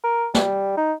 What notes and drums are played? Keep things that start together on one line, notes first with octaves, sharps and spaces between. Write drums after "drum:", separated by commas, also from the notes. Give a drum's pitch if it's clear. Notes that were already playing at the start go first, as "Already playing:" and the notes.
A#4
G3, drum: snare
D#4